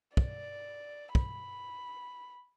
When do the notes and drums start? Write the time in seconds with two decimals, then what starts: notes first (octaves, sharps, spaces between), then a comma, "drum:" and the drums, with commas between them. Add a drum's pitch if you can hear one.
0.17 D5, drum: kick
1.15 B5, drum: kick